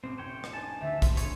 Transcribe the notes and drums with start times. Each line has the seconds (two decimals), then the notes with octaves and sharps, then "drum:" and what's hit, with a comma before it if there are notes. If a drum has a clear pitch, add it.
0.04 A1 C4
0.18 F1 C5 C#5 G5
0.44 drum: rim click
0.53 D4 D#4 G#5 A5
0.81 D2 G3 E5
1.02 B3 C4 C6, drum: kick, hi-hat
1.17 A#3 D4 G#4 A4 B4 C#5, drum: hi-hat